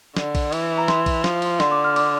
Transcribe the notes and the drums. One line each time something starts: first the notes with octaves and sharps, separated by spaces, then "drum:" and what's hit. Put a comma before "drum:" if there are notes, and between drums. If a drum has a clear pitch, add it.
D3, drum: snare
drum: kick A#1, cymbal
E3, drum: cymbal
A#5
C6, drum: snare
drum: kick A#1, cymbal
F3, drum: snare
drum: cymbal
D3 C6, drum: snare
D6
F6
D6, drum: cymbal